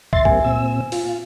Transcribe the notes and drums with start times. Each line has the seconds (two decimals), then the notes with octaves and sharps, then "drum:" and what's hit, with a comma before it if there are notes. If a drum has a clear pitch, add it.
0.13 E5 C6 A6, drum: kick
0.25 G3 A#3 C4 G#5, drum: kick
0.44 A#2 C4 E6
0.92 F4, drum: open hi-hat